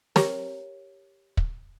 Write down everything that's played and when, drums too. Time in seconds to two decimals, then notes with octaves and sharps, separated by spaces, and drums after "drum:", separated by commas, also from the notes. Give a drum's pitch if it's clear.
0.16 G4 A#4 C#5, drum: snare
1.37 drum: kick